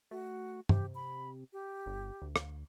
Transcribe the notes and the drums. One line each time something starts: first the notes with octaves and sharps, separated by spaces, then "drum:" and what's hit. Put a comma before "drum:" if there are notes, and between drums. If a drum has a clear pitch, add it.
A3 F#4
C3 G4, drum: tom G2
B5
G4
G1
D2
drum: rim click